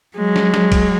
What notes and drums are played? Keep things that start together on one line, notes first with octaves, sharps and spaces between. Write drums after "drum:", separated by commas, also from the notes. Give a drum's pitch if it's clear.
F#3 G#3
drum: snare
drum: snare
drum: kick, cymbal